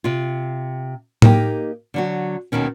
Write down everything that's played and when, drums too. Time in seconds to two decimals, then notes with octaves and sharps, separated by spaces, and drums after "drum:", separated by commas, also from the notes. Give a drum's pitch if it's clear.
0.04 C3 F4
1.22 A#3 D#4 G4, drum: tom A2
1.94 D3 F#3 F#4
2.52 D#2 G#2 B2 D#3 C#4